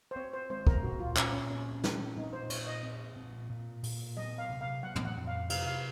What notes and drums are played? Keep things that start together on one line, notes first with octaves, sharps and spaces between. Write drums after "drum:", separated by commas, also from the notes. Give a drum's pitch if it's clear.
C5
C4 C#5
C5
G#3 C5
A#4, drum: kick
A#2 F#4
F4
A#2 C#4, drum: clap
C#4
C4 C#4
C4, drum: snare
A#2 D#4
C5
A#2 C#5, drum: cymbal
D#5
C4
A#2
A#2
A#2, drum: open hi-hat
F#3 D#5
F5
C3
F5
F#3 F#5
drum: tom
F#5
F2
F5
C3 F5, drum: cymbal
F5